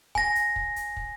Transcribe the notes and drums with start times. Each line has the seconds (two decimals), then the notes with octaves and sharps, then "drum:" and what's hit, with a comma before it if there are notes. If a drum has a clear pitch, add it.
0.15 G#5 A#6, drum: kick
0.35 drum: hi-hat
0.56 drum: kick
0.76 drum: hi-hat
0.97 drum: kick